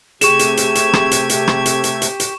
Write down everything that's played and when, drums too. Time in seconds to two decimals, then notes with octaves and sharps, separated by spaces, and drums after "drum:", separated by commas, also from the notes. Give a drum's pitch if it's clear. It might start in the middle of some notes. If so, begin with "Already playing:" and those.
0.21 C3 A3 G4 G#4 C#6 G#6 E7, drum: hi-hat
0.39 drum: hi-hat
0.57 drum: hi-hat
0.75 drum: hi-hat
0.93 drum: rim click
1.11 drum: hi-hat
1.29 drum: hi-hat
1.48 drum: rim click
1.66 drum: hi-hat
1.84 drum: hi-hat
2.02 drum: hi-hat
2.20 drum: hi-hat